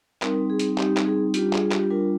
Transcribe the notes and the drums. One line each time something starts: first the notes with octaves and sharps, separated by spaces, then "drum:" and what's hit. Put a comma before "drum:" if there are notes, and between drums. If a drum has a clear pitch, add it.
G3 C4 D#4 A#4, drum: clap
G#4
drum: hi-hat
G3 C4 D#4 G4, drum: clap
drum: clap
G#4
G3 D4 F4 G4, drum: hi-hat
G#4, drum: clap
G4, drum: clap
G3 D4 F4 A#4